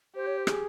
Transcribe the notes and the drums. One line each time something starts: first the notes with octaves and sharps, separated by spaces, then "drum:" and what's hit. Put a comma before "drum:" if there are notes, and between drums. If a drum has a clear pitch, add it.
G4 C5
C#5
C5
G#4, drum: rim click